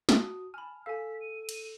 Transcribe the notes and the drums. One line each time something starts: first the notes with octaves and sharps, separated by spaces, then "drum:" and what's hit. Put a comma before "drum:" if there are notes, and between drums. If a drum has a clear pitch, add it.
F#4 A5 D#6 F#6 D#7, drum: snare
G#5 A5 B5 F6
A4 F5 G#5 E6 B6
D#7
drum: cymbal